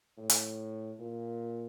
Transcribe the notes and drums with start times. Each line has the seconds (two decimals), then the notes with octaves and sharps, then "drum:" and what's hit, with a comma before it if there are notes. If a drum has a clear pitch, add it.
0.18 A2
0.29 drum: hi-hat
0.99 A#2